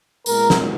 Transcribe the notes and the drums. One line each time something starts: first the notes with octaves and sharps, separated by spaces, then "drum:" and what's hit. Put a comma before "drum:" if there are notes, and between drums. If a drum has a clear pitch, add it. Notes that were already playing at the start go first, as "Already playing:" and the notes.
A#2 G#3 B3 A#4, drum: tambourine
drum: snare